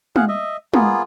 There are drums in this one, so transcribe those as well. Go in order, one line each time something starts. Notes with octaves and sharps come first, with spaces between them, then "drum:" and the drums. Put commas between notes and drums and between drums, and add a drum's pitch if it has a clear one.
G#4 F5 F#5, drum: tom
D#5 E5
A#3 B3 F4 G#4, drum: tom